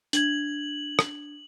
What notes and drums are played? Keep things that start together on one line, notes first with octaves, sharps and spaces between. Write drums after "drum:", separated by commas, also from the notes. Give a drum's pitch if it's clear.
D4 G#6 F#7, drum: hi-hat
drum: rim click